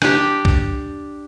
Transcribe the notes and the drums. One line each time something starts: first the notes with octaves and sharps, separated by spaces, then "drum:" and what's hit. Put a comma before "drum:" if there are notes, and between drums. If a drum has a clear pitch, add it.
D4 G4, drum: rim click
drum: kick